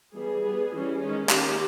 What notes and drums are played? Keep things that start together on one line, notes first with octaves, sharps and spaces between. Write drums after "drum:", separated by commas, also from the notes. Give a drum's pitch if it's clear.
E3 G3 B3 G#4
G3 B3
E3 G3 C#4
D#3 G#3 C#4
D#3 A#3 C#4 G4, drum: clap